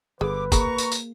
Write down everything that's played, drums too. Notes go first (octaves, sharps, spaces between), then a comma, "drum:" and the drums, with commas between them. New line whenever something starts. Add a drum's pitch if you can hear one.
G1 D3 G#4 B4 D6
A#3 G#4 A#4 A#5 B5 C#6, drum: kick, tambourine
drum: tambourine
drum: tambourine